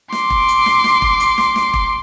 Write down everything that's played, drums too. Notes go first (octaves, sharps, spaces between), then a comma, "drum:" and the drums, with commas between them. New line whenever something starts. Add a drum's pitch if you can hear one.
C6 D6, drum: snare
drum: kick E1
drum: hi-hat
drum: snare
drum: snare
drum: kick E1
drum: hi-hat
drum: snare
drum: snare
drum: kick E1